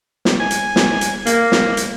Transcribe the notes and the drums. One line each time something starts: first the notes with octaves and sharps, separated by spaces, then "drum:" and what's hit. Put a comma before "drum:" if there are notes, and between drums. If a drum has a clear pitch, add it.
drum: snare
G#5
drum: hi-hat
drum: snare
drum: hi-hat
A#3, drum: hi-hat
drum: snare
drum: hi-hat